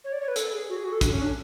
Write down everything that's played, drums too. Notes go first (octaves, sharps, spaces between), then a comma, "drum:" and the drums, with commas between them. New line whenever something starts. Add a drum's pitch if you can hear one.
C#5
D5
C#5
B4
A4, drum: hi-hat
G#4
F#4
G#4
F#4
A4
D4, drum: kick, hi-hat
C#4
D4